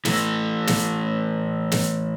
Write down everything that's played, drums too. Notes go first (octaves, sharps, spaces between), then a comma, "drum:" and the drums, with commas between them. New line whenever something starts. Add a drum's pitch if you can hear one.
E3 A3, drum: snare
drum: snare
drum: snare